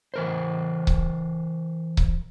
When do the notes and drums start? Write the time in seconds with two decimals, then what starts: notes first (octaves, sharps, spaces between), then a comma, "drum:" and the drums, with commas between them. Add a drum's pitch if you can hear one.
0.14 E3 A#4 C5
0.87 drum: kick C#1
1.97 drum: kick C#1